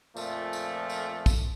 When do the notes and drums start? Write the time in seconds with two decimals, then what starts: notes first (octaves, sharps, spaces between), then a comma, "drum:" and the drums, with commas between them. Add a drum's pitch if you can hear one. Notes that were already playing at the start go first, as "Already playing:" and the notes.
0.17 F2 A#2 F3 A3, drum: tambourine
0.53 drum: tambourine
0.90 drum: tambourine
1.26 drum: kick, tambourine